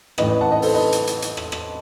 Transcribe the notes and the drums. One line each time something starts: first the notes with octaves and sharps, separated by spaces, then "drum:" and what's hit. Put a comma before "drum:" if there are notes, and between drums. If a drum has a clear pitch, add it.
A1 A2 E3 B4 D#5, drum: rim click
B4 D#5
F#5 A5
B4 D#5
A4 C5, drum: open hi-hat
B4 D#5
drum: hi-hat
drum: hi-hat
drum: hi-hat
drum: rim click
drum: rim click